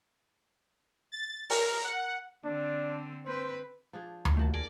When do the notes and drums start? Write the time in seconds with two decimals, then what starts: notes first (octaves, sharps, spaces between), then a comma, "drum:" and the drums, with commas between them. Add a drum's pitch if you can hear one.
1.12 A6
1.50 A#4, drum: open hi-hat
1.84 F#5
2.45 D3 C4 D4
3.26 C4 B4 C5
3.93 F3 D4 G#4
4.25 drum: tom D2
4.37 D#2 A3 A#3 F#4 A5
4.54 G#4 A#4 D5